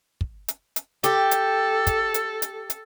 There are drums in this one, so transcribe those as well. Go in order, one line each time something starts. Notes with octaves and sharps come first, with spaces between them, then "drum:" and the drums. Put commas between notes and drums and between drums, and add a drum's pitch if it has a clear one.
drum: kick
drum: hi-hat
drum: hi-hat
G4 A4, drum: hi-hat
drum: hi-hat
drum: kick, hi-hat
drum: hi-hat
drum: hi-hat
drum: hi-hat